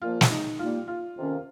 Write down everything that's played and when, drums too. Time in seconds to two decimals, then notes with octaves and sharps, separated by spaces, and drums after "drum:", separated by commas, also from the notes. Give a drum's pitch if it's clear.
0.01 A#2 F3 A#3 F4
0.21 drum: snare
0.30 D#4
0.59 G3 A#3 D#4 F4
0.88 F4
1.16 F2 C3 D#3 A#3 C#4